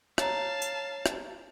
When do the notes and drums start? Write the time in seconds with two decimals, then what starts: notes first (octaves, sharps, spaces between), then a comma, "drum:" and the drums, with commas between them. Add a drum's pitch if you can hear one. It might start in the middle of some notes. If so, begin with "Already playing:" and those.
0.18 C#5 F5 A5 A#5, drum: rim click
0.62 drum: tambourine
1.06 drum: rim click